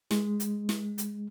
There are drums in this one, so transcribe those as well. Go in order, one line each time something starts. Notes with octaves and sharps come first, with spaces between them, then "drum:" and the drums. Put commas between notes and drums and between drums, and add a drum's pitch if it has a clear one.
G#3, drum: snare
drum: hi-hat
drum: snare
drum: hi-hat